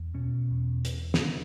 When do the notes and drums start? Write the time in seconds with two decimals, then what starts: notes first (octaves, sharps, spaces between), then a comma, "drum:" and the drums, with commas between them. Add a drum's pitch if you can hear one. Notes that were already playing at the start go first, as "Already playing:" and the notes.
Already playing: E2
0.14 B2 C#4
0.51 E2
0.85 drum: hi-hat
1.14 drum: snare